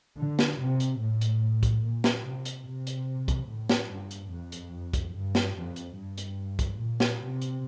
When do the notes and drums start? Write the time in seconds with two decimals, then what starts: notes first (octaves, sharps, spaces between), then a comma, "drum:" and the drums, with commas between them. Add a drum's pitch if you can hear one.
0.18 D3
0.39 drum: snare
0.60 C3
0.80 drum: hi-hat
1.00 A2
1.21 drum: hi-hat
1.63 drum: kick, hi-hat
1.84 A#2
2.04 drum: snare
2.24 C3
2.45 drum: hi-hat
2.66 C3
2.87 drum: hi-hat
3.28 drum: kick, hi-hat
3.49 A2
3.69 drum: snare
3.91 G2
4.11 drum: hi-hat
4.32 F2
4.52 drum: hi-hat
4.94 drum: kick, hi-hat
5.15 G2
5.35 drum: snare
5.55 F2
5.76 drum: hi-hat
5.97 G2
6.18 drum: hi-hat
6.59 drum: kick, hi-hat
6.79 A#2
7.00 drum: snare
7.21 C3
7.42 drum: hi-hat